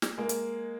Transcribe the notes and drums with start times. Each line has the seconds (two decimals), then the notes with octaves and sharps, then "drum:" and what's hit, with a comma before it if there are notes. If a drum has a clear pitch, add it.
0.02 drum: snare
0.18 G#3 A#3
0.29 drum: hi-hat